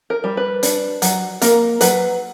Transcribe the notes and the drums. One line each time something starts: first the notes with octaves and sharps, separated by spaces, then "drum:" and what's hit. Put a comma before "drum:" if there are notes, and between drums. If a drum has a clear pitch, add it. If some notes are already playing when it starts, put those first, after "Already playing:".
A#4
G3
B4
D4, drum: hi-hat
F#3, drum: hi-hat
A#3 A#4, drum: hi-hat
F#3 B4, drum: hi-hat